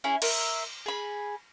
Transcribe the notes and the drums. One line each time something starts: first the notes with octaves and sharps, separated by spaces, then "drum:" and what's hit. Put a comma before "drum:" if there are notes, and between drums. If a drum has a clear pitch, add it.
C#4 E4 G#4
A#4 E5, drum: cymbal
G#4 B5